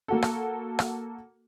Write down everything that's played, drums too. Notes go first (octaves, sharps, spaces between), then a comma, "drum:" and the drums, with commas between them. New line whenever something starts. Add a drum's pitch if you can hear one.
A#3 F#4 A4
drum: rim click
drum: rim click